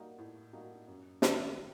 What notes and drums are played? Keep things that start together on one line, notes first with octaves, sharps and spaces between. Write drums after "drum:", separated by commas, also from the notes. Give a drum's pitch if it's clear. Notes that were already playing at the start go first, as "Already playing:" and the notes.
Already playing: G3 A#3 D#4 F#4
A2
G3 A#3 D#4 F#4
F#2
D#3 F#3 C4 D#4, drum: snare